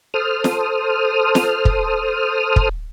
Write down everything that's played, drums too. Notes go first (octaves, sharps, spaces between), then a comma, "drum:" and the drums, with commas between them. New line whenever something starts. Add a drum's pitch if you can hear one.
A4 C5 D#6 F6
drum: snare
drum: snare
drum: kick
drum: kick